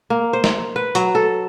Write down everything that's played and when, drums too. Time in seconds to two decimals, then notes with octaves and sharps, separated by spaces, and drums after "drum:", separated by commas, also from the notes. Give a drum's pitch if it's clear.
0.10 A#3
0.33 C5
0.44 drum: snare
0.76 B4
0.95 F#3, drum: hi-hat
1.15 A4